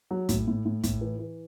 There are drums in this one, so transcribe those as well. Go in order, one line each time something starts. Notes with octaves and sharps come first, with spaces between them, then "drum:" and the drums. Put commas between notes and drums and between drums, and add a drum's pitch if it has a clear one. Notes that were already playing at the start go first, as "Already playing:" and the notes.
F#3
A2, drum: kick, hi-hat
A2
A2
A2, drum: kick, hi-hat
E3
E3